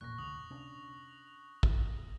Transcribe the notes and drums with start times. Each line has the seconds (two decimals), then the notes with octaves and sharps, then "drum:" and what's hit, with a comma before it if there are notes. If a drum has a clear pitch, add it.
0.01 E1 A1 A#2 C#6 F#6 A#6
0.18 F1 C#2 D3 D#6 F7 F#7
0.50 C3 C#4 D4
1.63 drum: kick